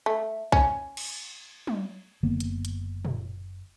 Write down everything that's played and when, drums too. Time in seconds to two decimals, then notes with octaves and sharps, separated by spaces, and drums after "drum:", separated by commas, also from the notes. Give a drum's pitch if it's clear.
0.06 A3
0.52 C#4, drum: kick B1
0.97 drum: cymbal
1.67 drum: tom
2.23 F#1 D3 A#3 B3
2.40 drum: hi-hat
2.65 drum: hi-hat
3.05 drum: tom